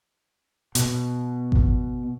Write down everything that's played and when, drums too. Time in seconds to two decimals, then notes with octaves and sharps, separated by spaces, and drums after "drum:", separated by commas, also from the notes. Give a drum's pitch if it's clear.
0.75 B2, drum: hi-hat
1.52 drum: kick G#1